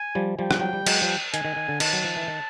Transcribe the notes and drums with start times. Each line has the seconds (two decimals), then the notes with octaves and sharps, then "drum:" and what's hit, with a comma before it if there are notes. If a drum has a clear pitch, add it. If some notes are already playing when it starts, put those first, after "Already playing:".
Already playing: G#5
0.15 F3 G3
0.39 F3 G3 G5
0.51 drum: rim click
0.60 F#3
0.73 G3
0.86 F#3 G#3, drum: cymbal
1.02 F3 G3
1.34 D#3 G#5, drum: hi-hat
1.45 D#3
1.56 D#3
1.69 D3
1.80 D#3 A5, drum: cymbal
1.93 F#3
2.04 F3
2.16 E3
2.28 D#3